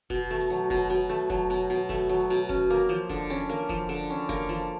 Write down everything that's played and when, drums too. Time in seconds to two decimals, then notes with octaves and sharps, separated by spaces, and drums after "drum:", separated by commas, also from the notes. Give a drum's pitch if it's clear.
0.10 B2, drum: kick F1
0.31 A3
0.40 drum: hi-hat
0.50 F#3
0.70 B2, drum: kick F1, hi-hat
0.90 B2
1.00 drum: hi-hat
1.10 A3
1.30 F#3, drum: kick F1, hi-hat
1.50 B2
1.60 drum: hi-hat
1.70 B2
1.89 A3, drum: kick F1, hi-hat
2.09 F#3
2.20 drum: hi-hat
2.30 B2
2.49 C#4, drum: kick F1, hi-hat
2.70 A#3
2.80 drum: hi-hat
2.89 F3
3.10 D3, drum: kick F1, hi-hat
3.30 C#4
3.40 drum: hi-hat
3.49 A#3
3.69 F3, drum: kick F1, hi-hat
3.89 D3
4.00 drum: hi-hat
4.10 C#4
4.29 A#3, drum: kick F1, hi-hat
4.49 F3
4.60 drum: hi-hat